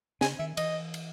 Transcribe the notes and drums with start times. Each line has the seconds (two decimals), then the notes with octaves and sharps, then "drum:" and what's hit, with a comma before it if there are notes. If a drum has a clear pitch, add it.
0.21 C#3 G#5, drum: snare
0.39 D#3 E5
0.57 E3 D#5, drum: cymbal
0.94 drum: cymbal